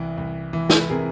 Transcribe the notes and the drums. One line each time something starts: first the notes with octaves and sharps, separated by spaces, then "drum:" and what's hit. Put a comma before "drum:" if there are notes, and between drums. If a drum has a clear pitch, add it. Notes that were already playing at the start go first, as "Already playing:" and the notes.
Already playing: C2 E3
C2
E3
drum: snare
B4
C3 G#4 A#4